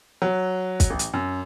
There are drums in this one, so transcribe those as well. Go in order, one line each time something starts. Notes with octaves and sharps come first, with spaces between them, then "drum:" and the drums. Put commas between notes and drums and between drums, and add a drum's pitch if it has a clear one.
F#3
drum: kick, hi-hat
A1
drum: hi-hat
F#2